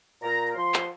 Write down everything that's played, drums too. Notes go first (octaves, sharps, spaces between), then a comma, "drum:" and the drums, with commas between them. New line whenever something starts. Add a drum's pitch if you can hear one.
A#2 A#5
A#5
F3 C6
drum: clap